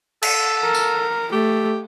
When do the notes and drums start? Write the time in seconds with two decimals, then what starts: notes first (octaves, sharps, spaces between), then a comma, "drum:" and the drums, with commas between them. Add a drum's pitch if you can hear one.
0.22 A4, drum: cymbal
0.63 A#4
0.74 drum: tambourine
1.33 A3 G4